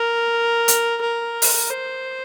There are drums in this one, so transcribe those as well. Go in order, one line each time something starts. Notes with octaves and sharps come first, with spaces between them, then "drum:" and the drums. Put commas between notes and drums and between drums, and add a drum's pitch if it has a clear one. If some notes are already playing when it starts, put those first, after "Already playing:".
Already playing: A#4
drum: hi-hat
A#4
drum: open hi-hat
C5